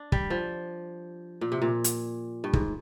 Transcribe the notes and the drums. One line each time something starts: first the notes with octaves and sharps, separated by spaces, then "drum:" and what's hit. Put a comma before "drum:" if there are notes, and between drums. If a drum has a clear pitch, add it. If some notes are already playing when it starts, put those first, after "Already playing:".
Already playing: D4
G3, drum: kick
F3
A#2
C3
A#2
drum: hi-hat
G2
G#2, drum: kick